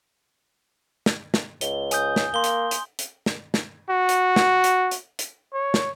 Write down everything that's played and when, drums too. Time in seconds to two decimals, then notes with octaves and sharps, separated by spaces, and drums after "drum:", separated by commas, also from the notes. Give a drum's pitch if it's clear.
1.06 drum: snare
1.34 drum: snare
1.61 C#2 G7, drum: hi-hat
1.91 G#5 D#6 G6, drum: hi-hat
2.16 drum: snare
2.34 A#3 C6 G7
2.44 drum: hi-hat
2.71 drum: hi-hat
2.99 drum: hi-hat
3.26 drum: snare
3.54 drum: snare
3.90 F#4
4.09 drum: hi-hat
4.36 drum: snare
4.64 drum: hi-hat
4.91 drum: hi-hat
5.19 drum: hi-hat
5.53 C#5
5.74 drum: snare